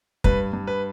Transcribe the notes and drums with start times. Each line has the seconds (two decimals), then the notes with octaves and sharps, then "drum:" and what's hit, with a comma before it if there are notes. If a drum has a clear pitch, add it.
0.24 G2 B4, drum: kick
0.53 G2
0.67 B4